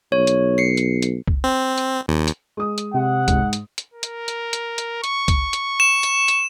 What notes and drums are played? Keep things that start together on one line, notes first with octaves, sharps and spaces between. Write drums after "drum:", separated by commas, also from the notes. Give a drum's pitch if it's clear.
B1 C#5
drum: hi-hat
C7 C#7
drum: hi-hat
drum: hi-hat
drum: kick C2
C4
drum: hi-hat
D#2
drum: hi-hat
G#3 D#6
drum: hi-hat
C3 F#5
G#2, drum: kick C2, hi-hat
drum: hi-hat
drum: hi-hat
A#4
drum: hi-hat
drum: hi-hat
drum: hi-hat
drum: hi-hat
C#6, drum: hi-hat
drum: kick C2, hi-hat
drum: hi-hat
E7
drum: hi-hat
drum: hi-hat